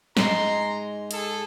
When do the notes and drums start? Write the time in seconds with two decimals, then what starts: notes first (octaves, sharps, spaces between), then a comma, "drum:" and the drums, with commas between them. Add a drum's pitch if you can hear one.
0.17 G#2 G#3 A#5 C6, drum: snare
1.11 G#4 A4, drum: hi-hat